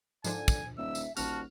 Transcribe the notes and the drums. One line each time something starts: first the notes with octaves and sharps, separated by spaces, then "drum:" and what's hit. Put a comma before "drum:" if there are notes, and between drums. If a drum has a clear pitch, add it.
G#2 D3 F3 D4 G#5, drum: tambourine
drum: kick, tambourine
D#1 E5 E6
drum: tambourine
D#1 A1 F#4 A5 F6, drum: tambourine